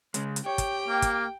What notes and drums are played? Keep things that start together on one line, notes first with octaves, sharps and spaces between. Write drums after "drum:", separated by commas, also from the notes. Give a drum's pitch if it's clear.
C#3 G#3, drum: hi-hat
drum: hi-hat
G4 C#5 G5
drum: kick, hi-hat
A#3
drum: kick, hi-hat